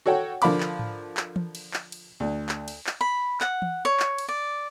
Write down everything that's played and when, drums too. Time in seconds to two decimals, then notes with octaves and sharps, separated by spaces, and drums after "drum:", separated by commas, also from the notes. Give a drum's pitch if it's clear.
0.06 F#4 A4 C#5 F#5 G5
0.42 D3 F3 A#4 F5 B5 D6, drum: cymbal
0.60 drum: clap
0.79 drum: tom G#2
1.17 drum: clap
1.36 drum: tom E3
1.55 drum: cymbal
1.74 drum: clap
1.92 drum: cymbal
2.20 D2
2.49 drum: clap
2.68 drum: cymbal
2.87 drum: clap
3.01 B5
3.41 F#5, drum: clap
3.62 drum: tom E3
3.85 C#5
4.00 drum: clap
4.18 drum: cymbal
4.28 D5